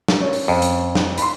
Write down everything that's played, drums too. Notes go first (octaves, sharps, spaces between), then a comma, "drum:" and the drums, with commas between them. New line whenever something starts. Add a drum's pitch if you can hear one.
drum: snare
C#4 C#5
drum: open hi-hat
F2
drum: hi-hat
drum: snare
B5 C6, drum: hi-hat